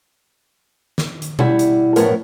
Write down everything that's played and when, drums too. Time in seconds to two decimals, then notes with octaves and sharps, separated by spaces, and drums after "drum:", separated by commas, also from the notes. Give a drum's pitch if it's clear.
0.98 drum: snare
1.22 drum: hi-hat
1.39 G3 E4 F#5, drum: tom B2
1.59 drum: hi-hat
1.96 F#2 A2 F3 B3 A#4 F#5, drum: hi-hat